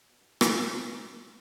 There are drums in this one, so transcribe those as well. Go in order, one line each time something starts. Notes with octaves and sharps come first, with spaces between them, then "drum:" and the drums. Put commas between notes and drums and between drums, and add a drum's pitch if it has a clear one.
B2
G2
G2, drum: rim click
G#2